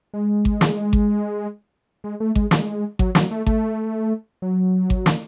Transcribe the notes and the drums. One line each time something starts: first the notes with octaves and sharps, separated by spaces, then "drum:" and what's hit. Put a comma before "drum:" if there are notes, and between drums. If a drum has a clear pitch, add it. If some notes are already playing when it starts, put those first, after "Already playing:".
G#3
drum: kick G#1
drum: snare
drum: kick G#1
G#3
A3
G#3, drum: kick G#1
G#3, drum: snare
F#3, drum: kick G#1
F#3, drum: snare
A3
A3, drum: kick G#1
F#3
drum: kick G#1
drum: snare